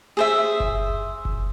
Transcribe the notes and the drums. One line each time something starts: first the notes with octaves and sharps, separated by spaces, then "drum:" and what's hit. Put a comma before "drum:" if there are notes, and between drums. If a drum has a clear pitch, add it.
G#4 C5 E5
drum: kick F#1
drum: kick F#1